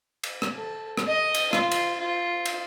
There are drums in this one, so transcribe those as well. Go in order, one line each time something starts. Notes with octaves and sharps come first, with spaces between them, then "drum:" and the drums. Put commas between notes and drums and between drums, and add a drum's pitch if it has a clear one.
drum: cymbal
drum: rim click
A4
drum: rim click
D#5
drum: cymbal
F4, drum: rim click
drum: cymbal
F4
drum: cymbal